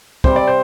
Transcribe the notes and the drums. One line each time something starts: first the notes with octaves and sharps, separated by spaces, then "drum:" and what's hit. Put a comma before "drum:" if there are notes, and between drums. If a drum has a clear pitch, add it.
C3 G3 C4 C5, drum: kick
D5
C5